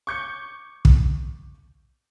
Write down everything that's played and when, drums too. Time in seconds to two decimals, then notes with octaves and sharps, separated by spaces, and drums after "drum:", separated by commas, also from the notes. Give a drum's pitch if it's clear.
0.07 C#6 D6 G6 G#6 C#7
0.85 drum: kick